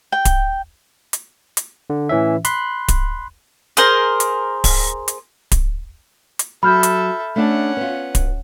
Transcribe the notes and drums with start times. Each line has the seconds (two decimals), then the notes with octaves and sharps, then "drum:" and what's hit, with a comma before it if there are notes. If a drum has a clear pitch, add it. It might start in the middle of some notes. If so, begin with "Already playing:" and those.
0.12 G5
0.25 drum: kick D1, hi-hat
1.13 drum: hi-hat
1.57 drum: hi-hat
1.90 D3
2.09 A2 E3 C#4 E5
2.45 B5 C6 F#6, drum: hi-hat
2.88 drum: kick D1, hi-hat
3.77 G#4 A#4 C5, drum: hi-hat
4.20 drum: hi-hat
4.64 drum: kick D1, open hi-hat
5.08 drum: hi-hat
5.52 drum: kick D1, hi-hat
6.39 drum: hi-hat
6.63 F#3 A4 E5 B5 F6 G6
6.83 drum: hi-hat
7.36 A3 C#4 D4 F#5 A5
7.77 B3 F4
8.15 drum: kick D1, hi-hat